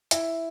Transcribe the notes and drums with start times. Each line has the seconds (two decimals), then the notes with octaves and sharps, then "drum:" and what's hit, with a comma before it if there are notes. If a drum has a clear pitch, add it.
0.11 E4, drum: hi-hat